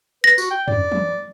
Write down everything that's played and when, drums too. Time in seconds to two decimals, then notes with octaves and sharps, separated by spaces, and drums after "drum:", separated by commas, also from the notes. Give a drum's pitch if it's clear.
0.24 B4 A#6
0.38 F#4, drum: tambourine
0.51 G5
0.68 D5, drum: tom F2
0.92 drum: tom E3